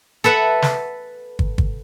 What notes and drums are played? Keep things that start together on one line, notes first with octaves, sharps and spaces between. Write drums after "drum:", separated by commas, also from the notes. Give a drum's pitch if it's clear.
A4 B4 E5 F#5
drum: snare
drum: kick
drum: kick